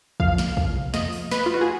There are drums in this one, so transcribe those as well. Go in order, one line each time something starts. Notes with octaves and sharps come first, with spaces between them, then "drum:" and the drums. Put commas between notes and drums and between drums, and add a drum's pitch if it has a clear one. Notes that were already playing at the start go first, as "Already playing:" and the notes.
F2 F3 F5, drum: kick
drum: snare
drum: kick
drum: tom B2
F2 F3 D#5, drum: snare
drum: open hi-hat
B4, drum: snare
F4
F#4
G#4